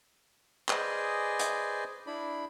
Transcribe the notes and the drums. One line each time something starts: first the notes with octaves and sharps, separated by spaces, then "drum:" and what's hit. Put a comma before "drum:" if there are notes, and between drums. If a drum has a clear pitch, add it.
G#4 B4 C5 D5 D#5 G#5, drum: clap
drum: hi-hat
D4 E4 D5 B5